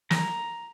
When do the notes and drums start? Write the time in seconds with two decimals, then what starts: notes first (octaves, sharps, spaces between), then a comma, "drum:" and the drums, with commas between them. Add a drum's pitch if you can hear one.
0.11 A#5, drum: snare